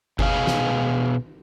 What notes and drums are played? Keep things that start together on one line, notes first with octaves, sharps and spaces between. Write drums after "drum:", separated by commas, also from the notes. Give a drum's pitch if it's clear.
B2 G#4 C5 F5, drum: kick G1
drum: snare